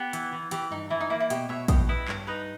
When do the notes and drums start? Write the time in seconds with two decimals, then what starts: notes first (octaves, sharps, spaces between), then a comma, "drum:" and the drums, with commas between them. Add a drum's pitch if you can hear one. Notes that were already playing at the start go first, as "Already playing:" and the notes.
Already playing: B3 G4
0.13 E3, drum: hi-hat
0.33 E3
0.51 E3 G4, drum: hi-hat
0.71 G2 D#4
0.90 E3 E4
1.01 D#4
1.10 A#3 E4
1.20 E4
1.30 B2 G4, drum: hi-hat
1.49 B2 C#5 E5
1.68 B2 D#5 G5, drum: kick, hi-hat
1.89 E4 B4 D#5
2.08 G2 C#5, drum: clap
2.27 D#4 B4 D#5